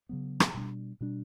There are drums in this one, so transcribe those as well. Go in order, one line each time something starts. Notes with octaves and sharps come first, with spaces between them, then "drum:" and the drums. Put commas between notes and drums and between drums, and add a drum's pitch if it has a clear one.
C#3 F#3 B3
drum: rim click
B2 G3 D4
B2 G3 D4